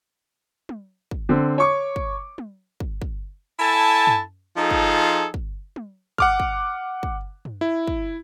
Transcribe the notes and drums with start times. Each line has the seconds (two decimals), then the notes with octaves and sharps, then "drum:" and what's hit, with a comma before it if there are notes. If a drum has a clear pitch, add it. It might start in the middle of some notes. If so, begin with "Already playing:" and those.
0.69 drum: tom
1.11 drum: kick
1.29 D3 C4
1.58 C#5 C#6 D6
1.96 drum: kick
2.38 drum: tom
2.80 drum: kick
3.02 drum: kick
3.59 E4 A4 G#5 A5
4.07 drum: tom
4.57 F3 D#4 F4 G#4 A4
4.71 drum: kick
5.34 drum: kick
5.76 drum: tom
6.18 F#5 D6 F6, drum: kick
6.40 drum: kick
7.03 drum: kick
7.45 drum: tom
7.61 E4
7.87 drum: kick